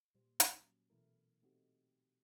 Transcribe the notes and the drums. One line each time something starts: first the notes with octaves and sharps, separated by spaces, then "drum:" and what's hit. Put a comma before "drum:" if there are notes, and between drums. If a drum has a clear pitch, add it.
A#2 G3 C5
F#3 C#4, drum: hi-hat
B2 E3 A3 E4 A#4
A3 C4 D#4 F#4 G4